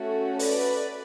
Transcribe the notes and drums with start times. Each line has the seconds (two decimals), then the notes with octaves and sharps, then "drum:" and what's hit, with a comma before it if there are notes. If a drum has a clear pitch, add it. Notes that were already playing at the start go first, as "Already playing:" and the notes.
Already playing: A3 C#4 F#4 A4
0.39 B4 D5, drum: open hi-hat